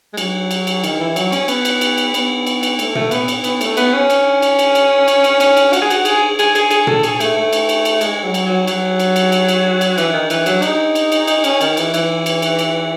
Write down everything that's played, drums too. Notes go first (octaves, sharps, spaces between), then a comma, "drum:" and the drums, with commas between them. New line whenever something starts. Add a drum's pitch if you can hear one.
G#3
F#3, drum: cymbal
drum: cymbal
drum: cymbal
D#3, drum: cymbal
E3
F#3, drum: cymbal
C#4, drum: cymbal
B3, drum: cymbal
drum: cymbal
drum: cymbal
drum: cymbal
B3, drum: cymbal
drum: cymbal
drum: cymbal
A3, drum: cymbal
A3, drum: tom A#2
B3, drum: cymbal
drum: cymbal
B3, drum: cymbal
A3, drum: cymbal
B3, drum: cymbal
C#4
drum: cymbal
drum: cymbal
drum: cymbal
drum: cymbal
drum: cymbal
drum: cymbal
C#4, drum: cymbal
drum: cymbal
F#4, drum: cymbal
G#4
F#4, drum: cymbal
G#4, drum: cymbal
G#4, drum: cymbal
G#4, drum: cymbal
G#4, drum: cymbal
A4, drum: tom A#2
G#4, drum: cymbal
A3, drum: cymbal
A3
drum: cymbal
drum: cymbal
drum: cymbal
G#3, drum: cymbal
F#3
drum: cymbal
F#3
F#3, drum: cymbal
drum: cymbal
drum: cymbal
drum: cymbal
drum: cymbal
drum: cymbal
E3, drum: cymbal
D#3
E3, drum: cymbal
F#3, drum: cymbal
D#4, drum: cymbal
drum: cymbal
drum: cymbal
D#4, drum: cymbal
C#4, drum: cymbal
D#3, drum: cymbal
E3, drum: cymbal
E3, drum: cymbal
drum: cymbal
drum: cymbal
drum: cymbal